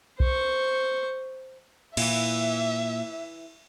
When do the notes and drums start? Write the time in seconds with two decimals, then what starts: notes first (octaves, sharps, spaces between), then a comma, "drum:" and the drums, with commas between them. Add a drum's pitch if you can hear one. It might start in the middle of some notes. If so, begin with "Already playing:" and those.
0.20 C5 C#6, drum: kick B1
1.97 A#2 E3 E4 E5, drum: cymbal